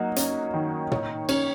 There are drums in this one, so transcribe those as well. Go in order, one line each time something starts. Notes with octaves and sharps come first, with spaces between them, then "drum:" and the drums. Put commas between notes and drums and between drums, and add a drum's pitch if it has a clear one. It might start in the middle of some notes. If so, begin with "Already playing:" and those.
Already playing: F#3 A#3 D#4 F#4
C#4, drum: hi-hat
D#3
C#5, drum: tom
C#4, drum: cymbal